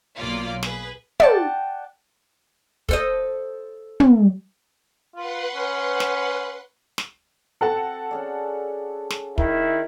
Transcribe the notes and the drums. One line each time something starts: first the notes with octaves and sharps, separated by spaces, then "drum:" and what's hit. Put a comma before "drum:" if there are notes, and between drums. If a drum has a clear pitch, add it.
B1 A#2 F#3 A#3 F4 D5
G#4 B4, drum: snare
D5 F#5 G5 A5, drum: tom
A4 C5 D#5, drum: kick
drum: tom
F4 B4 F#5 C6
C#4
drum: snare
drum: snare
C4 F#4 A4 F#5 A5
C#4 G#4 D5
drum: snare
D#3 E4, drum: kick